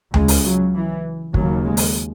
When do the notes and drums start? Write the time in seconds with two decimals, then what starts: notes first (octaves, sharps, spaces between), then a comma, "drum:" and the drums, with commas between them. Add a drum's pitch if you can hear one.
0.14 C#2 C#3 G#3, drum: tom D2
0.28 drum: open hi-hat
0.45 F#3
0.74 E3
1.34 D#2 C#3 F#3, drum: kick
1.64 G#3
1.77 drum: open hi-hat